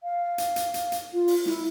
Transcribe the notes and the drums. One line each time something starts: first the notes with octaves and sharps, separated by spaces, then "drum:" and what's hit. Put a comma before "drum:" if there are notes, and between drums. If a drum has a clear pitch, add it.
F5
drum: hi-hat
drum: hi-hat
drum: hi-hat
drum: hi-hat
F4
drum: open hi-hat
E4, drum: snare